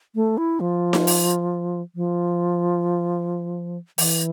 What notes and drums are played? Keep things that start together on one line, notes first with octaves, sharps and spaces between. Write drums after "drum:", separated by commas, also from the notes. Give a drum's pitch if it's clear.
A3
E4
F3
drum: snare D#4
drum: open hi-hat
F3
E3, drum: open hi-hat